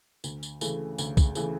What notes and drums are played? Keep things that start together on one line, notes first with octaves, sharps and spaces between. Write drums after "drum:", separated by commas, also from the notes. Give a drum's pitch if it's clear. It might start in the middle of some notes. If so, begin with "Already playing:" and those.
D2, drum: tambourine
drum: tambourine
C#3 E3 A3, drum: tambourine
D2, drum: tambourine
drum: kick, tambourine
C#3 E3 A3, drum: tambourine